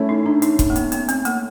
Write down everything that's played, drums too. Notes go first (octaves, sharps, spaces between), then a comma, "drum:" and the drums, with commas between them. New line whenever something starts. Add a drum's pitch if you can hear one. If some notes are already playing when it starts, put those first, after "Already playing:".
Already playing: A3 C#4 E4
D#4
D4
D#4, drum: hi-hat
drum: kick, hi-hat
A#3
B3, drum: hi-hat
B3, drum: hi-hat
C4, drum: hi-hat
A#3, drum: hi-hat